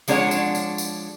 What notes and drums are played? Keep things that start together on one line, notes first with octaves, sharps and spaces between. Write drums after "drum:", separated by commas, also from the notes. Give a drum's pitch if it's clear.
F3 G#3 D4 A#4 C#5 F#5, drum: tambourine
drum: tambourine
drum: tambourine
drum: tambourine